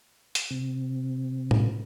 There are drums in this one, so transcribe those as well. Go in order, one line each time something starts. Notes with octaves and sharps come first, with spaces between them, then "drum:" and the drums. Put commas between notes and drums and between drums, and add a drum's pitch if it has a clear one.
drum: hi-hat
C3
drum: tom A2